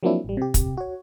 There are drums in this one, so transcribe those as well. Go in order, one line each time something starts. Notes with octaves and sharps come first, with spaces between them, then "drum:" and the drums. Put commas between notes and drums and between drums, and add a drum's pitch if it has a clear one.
F3 F#3 A#3 C4 D4 E4
A1 G3
C3 G4
drum: kick, hi-hat
F#4 C#5